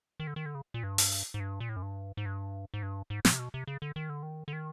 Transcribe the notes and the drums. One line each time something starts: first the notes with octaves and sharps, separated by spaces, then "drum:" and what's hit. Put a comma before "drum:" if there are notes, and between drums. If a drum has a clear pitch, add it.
D#3
D3
D#3
D3
C#3
A#2
G2
drum: open hi-hat
G#2
G2
A#2
A2
F#2
G2
G#2
G2
G#2
G2
G#2
A2, drum: snare
C3
B2
C3
C#3
D3
D#3
D3
D#3
D3
D#3